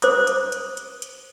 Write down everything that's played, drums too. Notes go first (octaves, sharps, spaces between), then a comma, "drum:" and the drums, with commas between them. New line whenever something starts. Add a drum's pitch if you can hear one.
C5 D6 D#6, drum: hi-hat
drum: hi-hat
drum: hi-hat
drum: hi-hat
drum: hi-hat